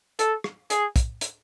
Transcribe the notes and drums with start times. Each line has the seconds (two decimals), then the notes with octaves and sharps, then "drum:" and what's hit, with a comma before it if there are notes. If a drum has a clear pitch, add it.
0.19 A4, drum: hi-hat
0.44 drum: rim click
0.70 G#4, drum: hi-hat
0.96 drum: kick, hi-hat
1.21 drum: hi-hat